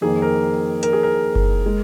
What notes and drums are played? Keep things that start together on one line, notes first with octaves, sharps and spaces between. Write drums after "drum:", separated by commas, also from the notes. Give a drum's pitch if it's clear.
F2 D#3 A#3 G#4
A#4
A#4, drum: hi-hat
G#4
A#4
drum: kick F#1
G#3